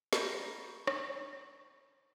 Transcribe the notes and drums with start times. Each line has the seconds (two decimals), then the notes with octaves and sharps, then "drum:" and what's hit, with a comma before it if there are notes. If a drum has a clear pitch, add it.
0.13 A#5 B5 C#6 G6 A#6, drum: snare
0.87 drum: rim click